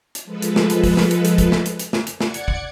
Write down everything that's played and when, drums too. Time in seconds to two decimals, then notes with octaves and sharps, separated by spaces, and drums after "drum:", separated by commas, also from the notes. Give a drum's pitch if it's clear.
0.15 drum: hi-hat
0.24 F3 G#3 A4 B4
0.42 drum: hi-hat
0.56 drum: snare
0.70 drum: hi-hat
0.84 drum: kick, open hi-hat
0.97 drum: snare
1.11 drum: hi-hat
1.25 drum: hi-hat
1.38 drum: kick, hi-hat
1.52 drum: snare
1.66 drum: hi-hat
1.79 drum: hi-hat
1.93 drum: snare
2.07 drum: hi-hat
2.21 D5 F#5 G#6 C#7, drum: snare
2.34 drum: hi-hat
2.48 drum: kick